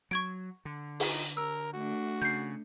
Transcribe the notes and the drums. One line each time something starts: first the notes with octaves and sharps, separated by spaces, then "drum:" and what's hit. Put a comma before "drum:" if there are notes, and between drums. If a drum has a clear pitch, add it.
F#3 C#6 G#6 D7
D3
D#4, drum: open hi-hat
A#4 E6
A3 D4 F#4
C#3 G6 C7